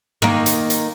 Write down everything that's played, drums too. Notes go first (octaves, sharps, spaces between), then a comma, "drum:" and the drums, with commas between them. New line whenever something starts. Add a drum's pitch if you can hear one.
D#3 A#3, drum: rim click
drum: hi-hat
drum: hi-hat